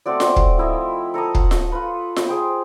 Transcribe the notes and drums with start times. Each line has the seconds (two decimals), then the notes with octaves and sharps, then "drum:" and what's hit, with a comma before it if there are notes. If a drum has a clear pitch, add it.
0.06 A3 C4 F#4 D5
0.20 drum: snare F4
0.36 drum: kick
0.58 F3 E4 D#5
1.14 A4 A#5 C#6 D#6
1.35 F#5, drum: kick
1.51 drum: snare F4
1.72 F4 B4
2.16 drum: snare F4
2.28 G#4 C5 G5